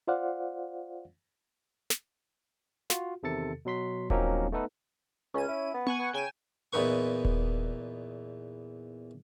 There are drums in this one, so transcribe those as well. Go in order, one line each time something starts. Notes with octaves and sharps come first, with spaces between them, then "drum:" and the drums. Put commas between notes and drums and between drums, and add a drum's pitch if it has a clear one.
F4 C5 D5 F5 F#5
drum: snare
F4 F#4, drum: snare
E2 C3 D#3 A4 A6 C#7
B2 F#3 C6 B6
F3 F#3 A#3 C4 C#4 D#4, drum: kick D#1
A3 B3 D#4 A4 B4
C#2 C#4 D#7
E4
B3
F#5 G#5 C#6, drum: tom B3
B3
C#3 G5 G#5 E7
E2 A#2 E3 D#4 B4 C#6
drum: kick D#1